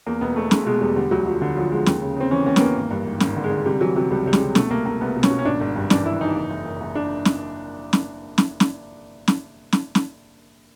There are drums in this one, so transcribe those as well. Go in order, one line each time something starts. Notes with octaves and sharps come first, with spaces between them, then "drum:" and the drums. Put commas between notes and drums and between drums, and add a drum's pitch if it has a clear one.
E2 A#3
E1 B3
E2 A3
E1 G#3, drum: snare
B2 G#3
E2 G3
D3 G3
D2 F#3
F3 F#3
D3
F3 F#3
F3 G#3
D#2, drum: snare
C#3
C#3 C4
E3 C#4
D#2 C#4
B3, drum: snare
E3 A#3
G#1
G2
G#1
G#1, drum: snare
D3
G#3
D3
C3 G3
E3 F#3
C3 F#3
C#2 G3
C#2 G3
G#3, drum: snare
C3
B2 A3, drum: snare
C2 A#3
C2 A#3
C2 B3
B2
C#4, drum: snare
B2
C#4
G#1 D4
G#1
G2
E3 D4, drum: snare
G#1 E4
E3 D#4
F#1
F#1
F#1
F#1
D4
drum: snare
drum: snare
drum: snare
drum: snare
drum: snare
drum: snare
drum: snare